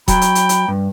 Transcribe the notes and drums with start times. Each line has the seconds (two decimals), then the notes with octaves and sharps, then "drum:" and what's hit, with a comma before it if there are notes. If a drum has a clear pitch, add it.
0.08 F#3 G5 B5, drum: kick D#1, hi-hat
0.21 drum: hi-hat
0.35 drum: hi-hat
0.49 drum: hi-hat
0.68 G2